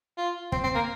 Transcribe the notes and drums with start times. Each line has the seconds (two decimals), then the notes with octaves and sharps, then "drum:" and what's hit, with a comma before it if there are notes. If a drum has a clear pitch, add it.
0.18 F4
0.52 C4, drum: kick
0.64 C4
0.75 A#3